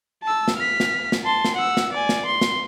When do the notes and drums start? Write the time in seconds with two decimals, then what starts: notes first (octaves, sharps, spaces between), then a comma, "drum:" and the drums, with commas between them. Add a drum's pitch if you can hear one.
0.23 A5 E6
0.48 drum: snare
0.57 F6 B6
0.80 drum: snare
1.12 drum: snare
1.24 A5 C6
1.45 drum: snare
1.55 F#5 E6
1.77 drum: snare
1.93 D5 G#5
2.09 drum: snare
2.26 C6
2.41 drum: snare